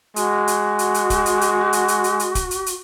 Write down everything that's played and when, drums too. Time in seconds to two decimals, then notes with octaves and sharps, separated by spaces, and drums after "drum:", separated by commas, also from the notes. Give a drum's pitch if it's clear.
0.16 G#3 F#4, drum: hi-hat
0.48 drum: hi-hat
0.79 drum: hi-hat
0.94 drum: hi-hat
1.10 drum: kick, hi-hat
1.26 drum: hi-hat
1.41 drum: hi-hat
1.73 drum: hi-hat
1.88 drum: hi-hat
2.04 drum: hi-hat
2.20 drum: hi-hat
2.35 drum: kick, hi-hat
2.51 drum: hi-hat
2.66 drum: hi-hat